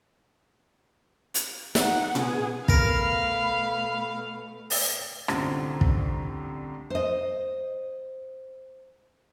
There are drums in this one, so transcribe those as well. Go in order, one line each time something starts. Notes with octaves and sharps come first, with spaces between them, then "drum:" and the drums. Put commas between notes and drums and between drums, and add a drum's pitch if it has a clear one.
drum: hi-hat
D#4 F#5, drum: snare
B3 G#4, drum: tom A#2
B2 A3 A#4 F5 A#5 B5, drum: kick
drum: open hi-hat
C2 F#2 A2 D3 F3, drum: rim click
drum: kick
C5 D#5